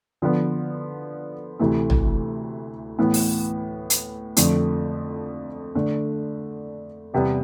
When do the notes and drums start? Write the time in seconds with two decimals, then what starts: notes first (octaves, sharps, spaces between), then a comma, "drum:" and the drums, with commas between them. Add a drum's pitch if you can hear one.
0.22 D3 F3 B3
1.59 D2 C3 E3 A3
1.90 drum: tom
2.99 A2 E3 B3
3.14 drum: open hi-hat
3.90 drum: hi-hat
4.37 F2 D3 F3 A3, drum: hi-hat
5.75 D3 A3 D4
7.14 E2 C3 G3 B3